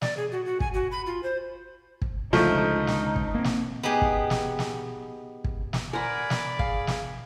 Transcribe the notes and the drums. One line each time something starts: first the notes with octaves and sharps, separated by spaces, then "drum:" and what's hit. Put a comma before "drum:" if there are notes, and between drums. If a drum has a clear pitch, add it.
D5, drum: snare
G#4
F#4
F#4
G#5, drum: kick
F#4
B5
F4
C5
drum: kick
C#2 D3 F3 A3 D#4, drum: snare
drum: snare
drum: kick
A#3 C4
drum: snare
B3 D#4 G4 G#4
drum: kick
drum: snare
drum: snare
drum: kick
drum: snare
A#4 C5 D5 F#5 G#5 A#5 B5
drum: snare
G#4 F5, drum: kick
drum: snare